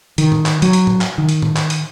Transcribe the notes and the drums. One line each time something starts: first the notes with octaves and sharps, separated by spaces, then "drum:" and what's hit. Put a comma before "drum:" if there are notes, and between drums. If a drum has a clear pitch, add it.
D#3, drum: hi-hat
drum: tom A2
drum: clap
F#3, drum: hi-hat
drum: hi-hat
drum: tom A2
drum: clap
D#3
drum: hi-hat
drum: tom A2
drum: clap
drum: hi-hat